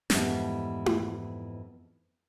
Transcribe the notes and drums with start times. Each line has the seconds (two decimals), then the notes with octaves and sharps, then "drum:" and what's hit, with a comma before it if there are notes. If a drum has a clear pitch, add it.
0.10 F2 G#2 E3 G3 B3 E5, drum: snare
0.86 drum: tom E4